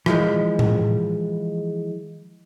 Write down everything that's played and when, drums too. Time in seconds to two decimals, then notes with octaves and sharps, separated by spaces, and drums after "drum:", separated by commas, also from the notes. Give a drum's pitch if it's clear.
0.06 E3 F3 G#3, drum: rim click
0.59 drum: tom A2